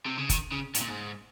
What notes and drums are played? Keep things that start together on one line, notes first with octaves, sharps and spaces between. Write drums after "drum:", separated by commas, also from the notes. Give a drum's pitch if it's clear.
C3
C#3
D#3, drum: kick, hi-hat
C#3
G#2, drum: hi-hat
A#2
G#2